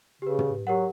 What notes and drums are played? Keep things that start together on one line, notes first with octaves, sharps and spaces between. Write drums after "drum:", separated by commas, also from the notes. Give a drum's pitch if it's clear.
C#3 G4 B4
drum: tom
F#3 G4 A#4 F#5